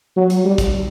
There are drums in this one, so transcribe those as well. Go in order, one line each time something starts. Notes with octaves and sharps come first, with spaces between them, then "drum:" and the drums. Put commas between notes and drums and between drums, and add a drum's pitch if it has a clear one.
F#3
drum: hi-hat
G3
drum: kick, hi-hat